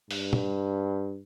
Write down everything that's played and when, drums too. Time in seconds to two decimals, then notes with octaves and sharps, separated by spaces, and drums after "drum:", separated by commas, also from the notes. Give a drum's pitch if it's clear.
0.11 G2, drum: open hi-hat
0.33 drum: tom